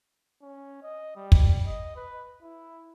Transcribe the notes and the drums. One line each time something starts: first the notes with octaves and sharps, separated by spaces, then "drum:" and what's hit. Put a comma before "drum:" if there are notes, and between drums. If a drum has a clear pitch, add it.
C#4
D#5
G3
drum: kick
D#5
B4
E4